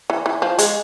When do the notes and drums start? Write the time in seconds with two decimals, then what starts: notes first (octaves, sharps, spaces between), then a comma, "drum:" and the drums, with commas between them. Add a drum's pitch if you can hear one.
0.10 E3
0.26 E3
0.42 F3
0.59 G#3, drum: hi-hat